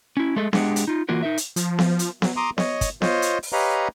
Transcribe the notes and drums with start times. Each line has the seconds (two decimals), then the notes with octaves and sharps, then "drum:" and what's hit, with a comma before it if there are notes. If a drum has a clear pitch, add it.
0.17 C#4 E4
0.36 G#3 A3 G#4 A4
0.53 G#3 D4 G4 G#4 F#5, drum: snare B3
0.76 drum: hi-hat
0.87 D#4 F4
1.09 E3 A#3 F4 F#4 A#4
1.23 D#4 A#4 E5
1.38 drum: hi-hat
1.56 F3, drum: hi-hat
1.79 drum: snare B3
1.99 drum: hi-hat
2.22 F#3, drum: snare B3
2.37 A#5 C6 D6 D#6
2.58 C#5 D#5, drum: snare B3
2.81 drum: kick, hi-hat
3.02 F4 C5 C#5 D#5, drum: snare B3
3.22 drum: hi-hat
3.43 drum: open hi-hat
3.53 G4 B4 C#5 D#5 F5 A#5